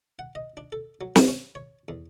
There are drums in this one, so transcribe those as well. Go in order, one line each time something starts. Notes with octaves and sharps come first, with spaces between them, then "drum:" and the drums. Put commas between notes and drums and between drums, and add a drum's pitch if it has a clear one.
F#5
D#5
D4
A4
F#3
G2, drum: snare
C#4
C#5
E2